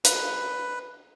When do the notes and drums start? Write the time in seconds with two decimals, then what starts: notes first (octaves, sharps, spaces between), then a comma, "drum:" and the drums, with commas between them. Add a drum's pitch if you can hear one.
0.05 B4, drum: hi-hat